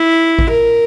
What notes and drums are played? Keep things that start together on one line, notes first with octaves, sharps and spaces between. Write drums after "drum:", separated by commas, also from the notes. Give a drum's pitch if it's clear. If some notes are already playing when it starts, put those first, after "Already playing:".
Already playing: E4
drum: kick A1
A#4